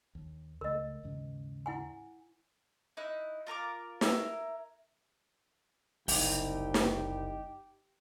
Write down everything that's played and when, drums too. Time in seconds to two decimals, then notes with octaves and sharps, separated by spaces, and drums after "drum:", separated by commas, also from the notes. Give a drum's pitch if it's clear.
0.15 D#2
0.61 C#2 A3 A#4 D#5
1.03 D#2 G#2 C#3
1.66 E4 F#5 G#5
2.97 D#4 E4 F#6
3.47 F4 A#4 A#5 D6
4.01 E4 A#4, drum: snare
6.08 F#1 C2 D#4 G4 G5, drum: open hi-hat
6.74 drum: snare